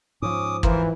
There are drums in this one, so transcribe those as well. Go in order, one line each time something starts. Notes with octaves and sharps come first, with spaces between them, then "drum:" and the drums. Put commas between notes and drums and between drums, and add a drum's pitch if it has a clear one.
G#2 F3 C#4 D6 D#6
E3 F4 A#4 C5, drum: kick